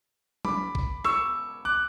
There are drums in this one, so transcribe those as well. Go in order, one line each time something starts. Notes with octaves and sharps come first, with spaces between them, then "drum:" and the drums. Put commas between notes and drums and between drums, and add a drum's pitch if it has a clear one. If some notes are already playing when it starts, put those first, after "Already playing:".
B5 D6, drum: tom
drum: kick A1
C#6 E6, drum: rim click
D6 F#6